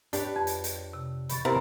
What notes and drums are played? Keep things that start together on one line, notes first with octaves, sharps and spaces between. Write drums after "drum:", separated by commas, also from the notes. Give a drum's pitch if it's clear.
D4 G4 B4 C#5, drum: hi-hat
F2
drum: hi-hat
drum: hi-hat
C3
B5 C#6 A6, drum: hi-hat
C3 E4 A#4